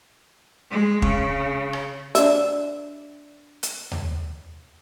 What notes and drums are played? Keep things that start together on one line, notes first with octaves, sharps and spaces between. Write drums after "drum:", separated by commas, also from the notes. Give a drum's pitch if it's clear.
G#3
C#3, drum: kick
drum: rim click
D4 E5, drum: hi-hat
drum: hi-hat
drum: tom D#2